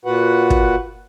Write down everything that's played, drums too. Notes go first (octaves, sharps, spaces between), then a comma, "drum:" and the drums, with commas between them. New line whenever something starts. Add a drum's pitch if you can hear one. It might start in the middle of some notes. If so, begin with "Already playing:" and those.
A#2 F#4 B4 F#5
drum: kick